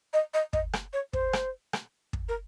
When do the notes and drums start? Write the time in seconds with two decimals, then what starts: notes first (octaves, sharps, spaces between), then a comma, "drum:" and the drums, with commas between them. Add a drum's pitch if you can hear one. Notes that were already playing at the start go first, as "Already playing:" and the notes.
0.13 D#5
0.34 D#5
0.53 D#5, drum: kick
0.73 drum: rim click
0.93 C#5
1.13 C5, drum: kick
1.33 drum: rim click
1.73 drum: rim click
2.13 drum: kick
2.29 A#4